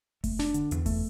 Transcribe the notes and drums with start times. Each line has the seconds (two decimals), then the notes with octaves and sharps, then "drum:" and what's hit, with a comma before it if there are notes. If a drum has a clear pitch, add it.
0.24 A3, drum: kick F1, open hi-hat
0.39 D4, drum: snare
0.54 D3, drum: hi-hat
0.71 E2, drum: hi-hat
0.86 A3, drum: kick F1, open hi-hat